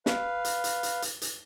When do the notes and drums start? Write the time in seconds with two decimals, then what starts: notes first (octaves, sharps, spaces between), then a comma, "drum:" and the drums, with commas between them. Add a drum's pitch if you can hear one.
0.06 B4 F5, drum: snare
0.45 drum: hi-hat
0.64 drum: hi-hat
0.83 drum: hi-hat
1.02 drum: hi-hat
1.22 drum: hi-hat